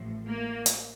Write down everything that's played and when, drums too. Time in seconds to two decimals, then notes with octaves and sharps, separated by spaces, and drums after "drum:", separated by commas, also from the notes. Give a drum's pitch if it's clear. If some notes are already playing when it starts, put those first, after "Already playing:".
Already playing: A1 A2 F3
0.27 A#3
0.66 drum: hi-hat